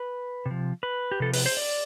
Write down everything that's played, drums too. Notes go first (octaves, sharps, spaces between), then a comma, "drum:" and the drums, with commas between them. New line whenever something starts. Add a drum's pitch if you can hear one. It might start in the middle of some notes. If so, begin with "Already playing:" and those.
Already playing: B4
C3
F3
B4
G4
C3 F3 A4
B4, drum: open hi-hat
C5
D5